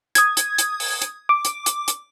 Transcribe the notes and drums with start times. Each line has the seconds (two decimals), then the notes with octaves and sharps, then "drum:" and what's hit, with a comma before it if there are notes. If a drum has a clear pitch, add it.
0.15 D#6 G#6, drum: hi-hat
0.37 drum: hi-hat
0.58 drum: hi-hat
0.80 drum: open hi-hat
1.02 drum: hi-hat
1.29 D6
1.45 drum: hi-hat
1.66 drum: hi-hat
1.88 drum: hi-hat